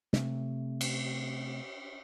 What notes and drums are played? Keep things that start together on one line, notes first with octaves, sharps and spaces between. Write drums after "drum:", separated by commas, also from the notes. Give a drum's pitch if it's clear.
C3 A3, drum: snare
drum: cymbal